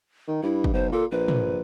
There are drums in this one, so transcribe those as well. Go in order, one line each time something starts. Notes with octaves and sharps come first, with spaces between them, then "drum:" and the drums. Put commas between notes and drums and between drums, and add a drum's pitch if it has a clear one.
D#3
G2 E4
drum: kick
B1 C5
A#2 A4
A#1 B4
drum: tom